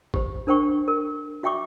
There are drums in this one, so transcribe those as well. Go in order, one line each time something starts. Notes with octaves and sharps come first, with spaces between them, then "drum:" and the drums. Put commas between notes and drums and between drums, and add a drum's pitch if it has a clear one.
G4 C5, drum: kick
D4 A#4 C5 G5 C#6
A#4
F#4 E5 G5 C#6 D6